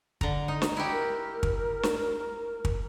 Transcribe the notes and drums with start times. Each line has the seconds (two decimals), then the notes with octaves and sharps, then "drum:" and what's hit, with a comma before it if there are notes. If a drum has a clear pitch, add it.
0.21 D3 A#5, drum: kick
0.48 D#4
0.62 drum: snare
0.77 E4 F#4 G4
0.91 A#4
1.43 drum: kick
1.83 drum: snare
2.65 drum: kick